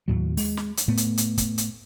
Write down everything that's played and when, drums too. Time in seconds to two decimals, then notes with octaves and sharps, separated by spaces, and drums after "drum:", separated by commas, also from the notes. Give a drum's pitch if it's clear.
0.08 D#2 A2 F#3
0.37 G#3, drum: open hi-hat
0.57 drum: snare
0.77 drum: hi-hat
0.88 A2 A3 B3
0.97 drum: hi-hat
1.17 drum: hi-hat
1.38 drum: kick, hi-hat
1.58 drum: hi-hat